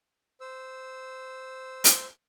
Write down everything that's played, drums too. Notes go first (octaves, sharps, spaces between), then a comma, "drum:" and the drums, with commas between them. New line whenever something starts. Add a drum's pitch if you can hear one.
C5 E6
drum: hi-hat